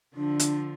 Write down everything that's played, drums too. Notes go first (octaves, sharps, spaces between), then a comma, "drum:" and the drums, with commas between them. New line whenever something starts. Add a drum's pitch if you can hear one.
D3 F3 D4
drum: hi-hat